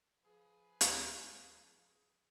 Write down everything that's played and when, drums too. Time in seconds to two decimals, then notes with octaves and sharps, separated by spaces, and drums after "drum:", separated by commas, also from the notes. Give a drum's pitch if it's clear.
0.24 F3 G#4 B4
0.81 drum: hi-hat